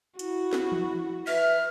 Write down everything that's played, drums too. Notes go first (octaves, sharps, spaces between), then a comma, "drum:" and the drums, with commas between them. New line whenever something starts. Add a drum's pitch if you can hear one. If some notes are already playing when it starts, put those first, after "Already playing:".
E4 F#4, drum: hi-hat
drum: snare
drum: tom E3
B4 E5 F6, drum: cymbal